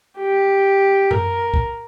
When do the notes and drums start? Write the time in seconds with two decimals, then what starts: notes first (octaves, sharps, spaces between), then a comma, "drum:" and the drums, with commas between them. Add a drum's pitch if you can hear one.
0.19 G4
1.11 A#4, drum: tom F#2
1.54 drum: kick